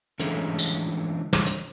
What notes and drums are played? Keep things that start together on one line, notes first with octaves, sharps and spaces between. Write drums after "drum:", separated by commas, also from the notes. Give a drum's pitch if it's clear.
D3 E3 F3 G#3 A3 C#4, drum: hi-hat
drum: tambourine
drum: snare
drum: hi-hat